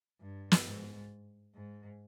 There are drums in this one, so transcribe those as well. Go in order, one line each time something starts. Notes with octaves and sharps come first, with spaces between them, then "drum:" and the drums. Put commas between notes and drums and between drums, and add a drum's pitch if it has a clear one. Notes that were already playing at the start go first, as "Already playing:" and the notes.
G2
drum: snare
G#2
G#2